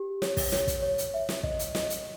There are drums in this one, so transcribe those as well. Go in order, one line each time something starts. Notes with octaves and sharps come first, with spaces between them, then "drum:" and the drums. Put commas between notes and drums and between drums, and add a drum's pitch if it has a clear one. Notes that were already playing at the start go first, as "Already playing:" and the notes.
Already playing: G4
C#5, drum: snare
drum: kick, open hi-hat
C#5, drum: snare
drum: kick, hi-hat
C#5
drum: hi-hat
E5
drum: snare
D#5, drum: kick
drum: hi-hat
D#5, drum: snare
drum: hi-hat